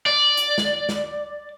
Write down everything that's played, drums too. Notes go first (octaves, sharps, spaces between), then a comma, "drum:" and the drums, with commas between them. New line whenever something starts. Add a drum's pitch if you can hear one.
D5
drum: hi-hat
drum: snare
drum: snare